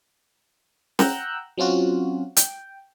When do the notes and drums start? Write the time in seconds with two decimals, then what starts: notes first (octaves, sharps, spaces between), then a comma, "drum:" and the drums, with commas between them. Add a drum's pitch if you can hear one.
0.99 F#5 G5 A#5 E6 F#6 G6, drum: snare C#4
1.58 F#3 C4 C#4 F4 F#4
2.37 G5, drum: hi-hat